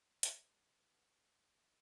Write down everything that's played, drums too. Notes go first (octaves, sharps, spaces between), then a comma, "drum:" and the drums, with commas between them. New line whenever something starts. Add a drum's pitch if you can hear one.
G#3 B3, drum: hi-hat